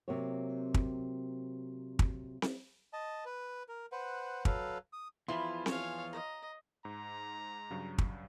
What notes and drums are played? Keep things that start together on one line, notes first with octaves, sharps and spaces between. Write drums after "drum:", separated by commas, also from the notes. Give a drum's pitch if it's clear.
C3 F#3 A#3 C4 C#5
drum: kick
drum: kick
drum: snare C4
D#5 A5
B4
A#4
B4 C5 F#5
F#3 A4 B4 F5, drum: kick
D#6
E2 E3 F3 E4 F4 B5 C6
C5 C#5 F5 G#5, drum: snare C4
D#5 A#5
G#2 A#5
G2 C#3 F#3
drum: kick